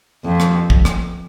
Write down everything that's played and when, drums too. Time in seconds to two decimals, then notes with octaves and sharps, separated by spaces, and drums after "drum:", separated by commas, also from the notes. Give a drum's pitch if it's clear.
0.25 F2
0.40 drum: rim click
0.70 drum: kick
0.85 drum: rim click